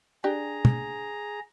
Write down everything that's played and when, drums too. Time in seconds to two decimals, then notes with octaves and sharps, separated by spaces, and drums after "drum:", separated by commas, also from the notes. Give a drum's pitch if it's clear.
0.24 D4 G4 G#4 G5 A#5
0.65 drum: tom